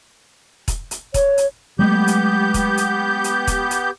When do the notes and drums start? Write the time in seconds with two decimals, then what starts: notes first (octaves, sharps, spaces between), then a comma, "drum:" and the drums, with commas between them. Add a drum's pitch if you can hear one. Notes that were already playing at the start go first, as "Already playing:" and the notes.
0.68 drum: kick E1, hi-hat
0.91 drum: hi-hat
1.14 C#5, drum: kick E1, hi-hat
1.38 drum: hi-hat
1.79 F#3 G#3 A3 B3 G4 G6
2.08 drum: hi-hat
2.54 drum: kick E1, hi-hat
2.77 drum: hi-hat
3.24 drum: hi-hat
3.47 drum: kick E1, hi-hat
3.71 drum: hi-hat